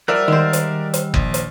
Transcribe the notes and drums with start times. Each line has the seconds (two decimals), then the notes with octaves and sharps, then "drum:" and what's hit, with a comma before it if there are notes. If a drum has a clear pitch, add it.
0.08 F3 G3 A#4 D5 E5 F#5
0.28 D#3 G#3 C5
0.53 drum: hi-hat
0.94 drum: hi-hat
1.14 A#1, drum: kick F#1
1.34 drum: hi-hat